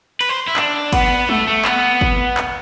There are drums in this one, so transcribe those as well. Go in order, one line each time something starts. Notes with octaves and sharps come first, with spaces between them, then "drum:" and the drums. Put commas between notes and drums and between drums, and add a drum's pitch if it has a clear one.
B4, drum: cymbal
C5
E4
D4, drum: clap
B3, drum: kick, cymbal
A3, drum: tom
A3
B3, drum: clap
drum: kick
drum: clap